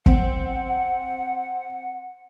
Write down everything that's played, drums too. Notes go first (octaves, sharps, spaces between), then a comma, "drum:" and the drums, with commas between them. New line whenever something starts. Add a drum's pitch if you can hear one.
C4 F#5, drum: kick